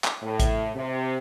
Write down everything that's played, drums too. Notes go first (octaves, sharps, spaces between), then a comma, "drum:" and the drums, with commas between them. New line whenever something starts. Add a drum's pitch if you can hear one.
drum: clap
A2
drum: kick A1, hi-hat
C3